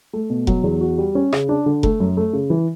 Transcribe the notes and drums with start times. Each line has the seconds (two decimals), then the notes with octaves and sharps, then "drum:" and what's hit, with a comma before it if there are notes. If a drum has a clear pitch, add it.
0.13 A3
0.30 B2
0.47 F#3, drum: kick F1
0.64 E2
0.81 F#4
0.98 G3
1.15 C#4
1.32 C#3, drum: rim click
1.49 D4
1.66 D3
1.83 A3, drum: kick F1
2.00 F#2
2.17 A3
2.33 C#3
2.50 E3